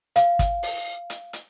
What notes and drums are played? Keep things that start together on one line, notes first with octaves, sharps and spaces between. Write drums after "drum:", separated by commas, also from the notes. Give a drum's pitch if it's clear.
F5, drum: hi-hat
drum: kick, hi-hat
drum: open hi-hat
drum: hi-hat
drum: hi-hat